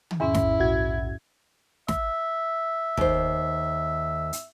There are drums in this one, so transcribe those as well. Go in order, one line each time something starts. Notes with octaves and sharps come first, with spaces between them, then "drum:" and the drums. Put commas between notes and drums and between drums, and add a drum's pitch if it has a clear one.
drum: tom
E2 G#2 C#4 E4
drum: snare
A#1 F#4 G#6
E5, drum: snare
D#2 C5, drum: kick
drum: hi-hat